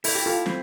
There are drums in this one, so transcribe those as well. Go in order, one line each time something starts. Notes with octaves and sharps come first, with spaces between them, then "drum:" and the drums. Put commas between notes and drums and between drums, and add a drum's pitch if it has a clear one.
E4 A4, drum: open hi-hat
G4
F4 A4
C4, drum: snare